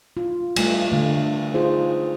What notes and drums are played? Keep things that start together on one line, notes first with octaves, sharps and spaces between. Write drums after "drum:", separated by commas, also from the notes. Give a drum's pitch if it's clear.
F4
G3 A3 F4, drum: cymbal
D3 A3
D#4 F4 G#4 C5